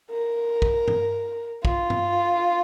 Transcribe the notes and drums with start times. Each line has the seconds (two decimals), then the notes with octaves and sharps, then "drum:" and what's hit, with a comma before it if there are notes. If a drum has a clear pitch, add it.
0.11 A#4
0.62 drum: kick
0.88 drum: tom G2
1.65 F4, drum: kick
1.90 drum: tom G2